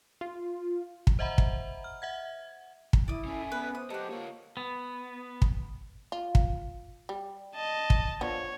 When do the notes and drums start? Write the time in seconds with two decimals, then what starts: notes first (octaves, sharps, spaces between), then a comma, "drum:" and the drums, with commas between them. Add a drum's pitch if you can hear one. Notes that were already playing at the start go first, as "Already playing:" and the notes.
0.21 F4
1.07 drum: kick
1.19 C5 D#5 E5 F#5 A#5 B5
1.38 drum: kick
1.84 F6
2.02 E5 F#5 G#6
2.93 drum: kick
3.08 E4 D5 D#6
3.25 C#4 A4 E5 G#5
3.52 B3 B4
3.75 C5 D#6
3.90 A3 G4 A4 D#5 F#5
4.11 A#3 F4 C#5
4.57 B3
5.42 drum: kick
6.12 F4
6.35 drum: kick
7.09 G3
7.55 D#5 A5
7.90 drum: kick
8.21 D3 F3 B3 C#5